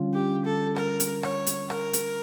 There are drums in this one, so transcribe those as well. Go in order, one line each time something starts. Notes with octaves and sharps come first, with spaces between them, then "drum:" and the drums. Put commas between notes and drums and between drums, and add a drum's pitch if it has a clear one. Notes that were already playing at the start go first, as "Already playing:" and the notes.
Already playing: D3 G3 C#4 F4
G4
A4
A#4, drum: rim click
drum: hi-hat
C#5, drum: rim click
drum: hi-hat
A#4, drum: rim click
drum: hi-hat